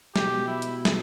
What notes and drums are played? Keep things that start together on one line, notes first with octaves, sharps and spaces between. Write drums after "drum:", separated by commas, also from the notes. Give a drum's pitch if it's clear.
B2 G4, drum: snare
E4
drum: hi-hat
drum: snare